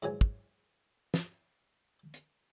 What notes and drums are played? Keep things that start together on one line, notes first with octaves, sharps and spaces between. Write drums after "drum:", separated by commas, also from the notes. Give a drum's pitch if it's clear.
G#2 E3 F#3 G#5
drum: kick
drum: snare
drum: hi-hat